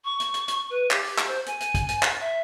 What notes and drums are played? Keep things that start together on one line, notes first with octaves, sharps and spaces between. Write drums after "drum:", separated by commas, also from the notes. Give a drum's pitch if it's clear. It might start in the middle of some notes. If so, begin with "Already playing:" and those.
C#6
drum: hi-hat
drum: hi-hat
drum: hi-hat
B4
G4, drum: clap
drum: open hi-hat
drum: clap
C5
G#5, drum: hi-hat
drum: hi-hat
drum: kick, hi-hat
drum: hi-hat
drum: clap
E5